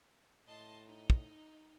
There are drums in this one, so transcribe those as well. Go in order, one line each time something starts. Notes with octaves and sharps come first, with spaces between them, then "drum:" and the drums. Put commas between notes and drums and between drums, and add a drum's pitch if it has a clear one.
A2 D#5 A5 C6
D#4
drum: kick